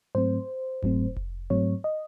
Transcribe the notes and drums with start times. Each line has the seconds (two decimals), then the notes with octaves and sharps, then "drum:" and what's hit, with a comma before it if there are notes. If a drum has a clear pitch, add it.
0.15 G#2 F#3 A3 C4 C5
0.82 G#2 F#3 A3 C4, drum: kick F1
1.17 drum: kick F1
1.50 G#2 F#3 A3 C4 C#5
1.84 D#5